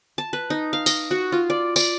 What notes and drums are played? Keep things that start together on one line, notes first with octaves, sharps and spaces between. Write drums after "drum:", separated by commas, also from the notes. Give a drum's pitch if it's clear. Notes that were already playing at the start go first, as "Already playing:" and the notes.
A5
B4
D#4
F5
D#5, drum: tambourine
F#4
F4
D5
D5, drum: tambourine